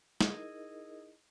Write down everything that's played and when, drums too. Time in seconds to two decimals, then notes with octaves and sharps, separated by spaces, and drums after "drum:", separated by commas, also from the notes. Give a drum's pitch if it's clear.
0.21 D#4 E4 G#4 A#4 D#5, drum: snare